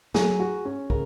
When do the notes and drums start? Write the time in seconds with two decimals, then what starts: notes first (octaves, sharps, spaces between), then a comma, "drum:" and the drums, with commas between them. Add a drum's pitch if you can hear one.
0.14 F#3 G#4, drum: snare
0.40 F#4
0.65 C#4
0.90 C#3 A#4, drum: kick